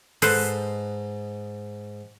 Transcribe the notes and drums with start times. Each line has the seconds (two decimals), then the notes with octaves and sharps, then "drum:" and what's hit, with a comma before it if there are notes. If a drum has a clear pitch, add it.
0.22 G#2 A4 B4 C5 D#5 D#6, drum: open hi-hat